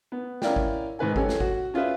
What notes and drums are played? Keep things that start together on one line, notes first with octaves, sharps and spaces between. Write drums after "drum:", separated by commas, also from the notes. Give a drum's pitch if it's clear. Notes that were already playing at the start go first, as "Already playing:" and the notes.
B3
C#4 E4 A#4 D5 F5 G5, drum: snare
drum: kick G#1
G#2 D#3 B4 G#5
C#4 G4 A4 C#5 G#5, drum: kick G#1
drum: snare
F#4, drum: kick G#1
C#4 F4 G#4 B4 E5